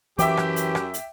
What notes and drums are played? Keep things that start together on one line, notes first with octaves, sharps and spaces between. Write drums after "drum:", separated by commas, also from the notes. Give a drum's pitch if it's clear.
F#2 E3 G4 E5 G5 D6, drum: hi-hat
drum: rim click
drum: hi-hat
drum: rim click
drum: hi-hat